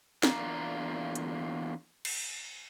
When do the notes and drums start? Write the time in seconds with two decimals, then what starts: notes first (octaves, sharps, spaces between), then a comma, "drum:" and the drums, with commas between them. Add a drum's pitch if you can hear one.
0.23 E2 A#3 D4 F4 A#5, drum: snare
1.15 drum: hi-hat
2.05 drum: cymbal